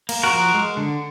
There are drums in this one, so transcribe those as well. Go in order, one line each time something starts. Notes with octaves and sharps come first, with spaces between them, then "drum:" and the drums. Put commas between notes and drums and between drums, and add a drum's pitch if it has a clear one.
A#3, drum: cymbal
F#4 A#4
F3
G#3
D3